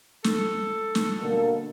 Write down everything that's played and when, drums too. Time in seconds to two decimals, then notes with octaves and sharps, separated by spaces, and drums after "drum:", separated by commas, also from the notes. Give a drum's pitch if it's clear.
0.24 A4, drum: snare
0.95 drum: snare
1.19 B2 D3 A#3